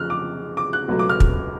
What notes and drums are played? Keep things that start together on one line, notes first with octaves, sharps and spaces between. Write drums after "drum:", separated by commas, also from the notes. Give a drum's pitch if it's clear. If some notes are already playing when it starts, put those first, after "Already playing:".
Already playing: F2 C#3 F3 F6 F#6
D6
D6
F#6
C#2 B2 F#3 A3
D6
F6
drum: kick